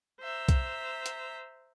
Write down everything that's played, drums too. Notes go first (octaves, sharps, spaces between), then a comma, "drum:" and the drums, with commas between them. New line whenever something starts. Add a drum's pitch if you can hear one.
C5 E5 A#5
drum: kick B1, hi-hat
drum: hi-hat